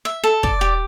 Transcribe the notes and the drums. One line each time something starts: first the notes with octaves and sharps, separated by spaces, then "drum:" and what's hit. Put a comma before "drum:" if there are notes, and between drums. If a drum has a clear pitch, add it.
E5
A4
D5, drum: kick
G4